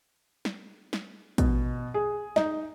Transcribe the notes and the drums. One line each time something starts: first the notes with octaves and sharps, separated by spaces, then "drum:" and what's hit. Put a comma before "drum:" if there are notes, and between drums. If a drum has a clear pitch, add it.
drum: snare
drum: snare
B2, drum: kick, hi-hat
G#4
D#4, drum: snare